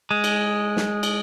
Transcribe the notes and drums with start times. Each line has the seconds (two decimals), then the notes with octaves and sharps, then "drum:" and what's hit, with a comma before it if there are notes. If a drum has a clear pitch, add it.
0.11 G#3
0.24 drum: cymbal
0.77 drum: snare
1.03 drum: cymbal